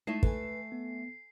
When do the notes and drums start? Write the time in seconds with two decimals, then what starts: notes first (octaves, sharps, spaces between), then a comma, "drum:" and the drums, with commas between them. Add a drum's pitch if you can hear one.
0.07 G#3 A3 D#4 E4 E5 A5 C7
0.23 A4 B4 G#5, drum: kick
0.72 B3